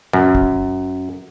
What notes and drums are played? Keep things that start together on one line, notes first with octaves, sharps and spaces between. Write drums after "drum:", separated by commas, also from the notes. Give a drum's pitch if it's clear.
F#2, drum: tom
drum: kick